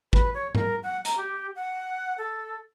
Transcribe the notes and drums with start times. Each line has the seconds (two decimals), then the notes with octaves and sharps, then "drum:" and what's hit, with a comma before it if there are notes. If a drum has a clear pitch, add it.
0.13 B4, drum: kick
0.35 C#5
0.55 A#4, drum: tom G#2
0.83 F#5
1.05 A#5, drum: hi-hat
1.17 G4
1.56 F#5
2.18 A4